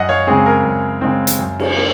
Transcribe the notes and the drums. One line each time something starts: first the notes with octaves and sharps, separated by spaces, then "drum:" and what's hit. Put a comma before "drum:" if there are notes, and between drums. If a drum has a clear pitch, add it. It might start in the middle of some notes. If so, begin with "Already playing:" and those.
Already playing: F#2 D#5 F#5
C#5 F5
C#3 G#3 C4 G#4
A#4
F#2
C#3 G#3 C4
drum: hi-hat
F#2
drum: cymbal
A#3